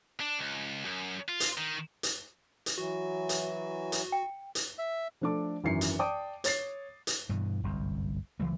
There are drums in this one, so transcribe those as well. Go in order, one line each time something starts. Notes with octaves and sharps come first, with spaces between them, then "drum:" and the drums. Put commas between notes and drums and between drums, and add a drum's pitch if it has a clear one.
D4
C#2
F#2
F4
drum: hi-hat
D#3
drum: hi-hat
drum: hi-hat
E3 F#3 F#4
drum: hi-hat
drum: hi-hat
G5
drum: hi-hat
E5
F3 A3 D4 A4 D6
G#1 F#2 E3 C7 C#7
drum: hi-hat
D5 G5 A5 D6 D#6
C#5 A6 C7, drum: hi-hat
drum: hi-hat
G2 B2 E3
G1 C2 F#2
C#2 E3 F#3 A3